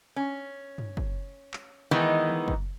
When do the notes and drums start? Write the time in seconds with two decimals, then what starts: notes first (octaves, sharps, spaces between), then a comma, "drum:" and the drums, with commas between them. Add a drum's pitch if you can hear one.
0.16 C#4
0.78 drum: tom G2
0.97 drum: kick
1.54 drum: clap
1.91 D#3 E3 G#3 B3 D#4
2.29 drum: tom D3
2.48 drum: kick